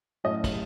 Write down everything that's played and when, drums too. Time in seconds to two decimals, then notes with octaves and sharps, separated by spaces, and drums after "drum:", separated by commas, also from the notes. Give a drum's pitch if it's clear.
0.24 A2 F#3 A3 C#4 D#5
0.44 drum: kick, cymbal